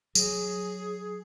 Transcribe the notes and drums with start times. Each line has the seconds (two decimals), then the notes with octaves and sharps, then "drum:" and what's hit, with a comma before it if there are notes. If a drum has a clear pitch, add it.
0.15 F#3 G#4, drum: tambourine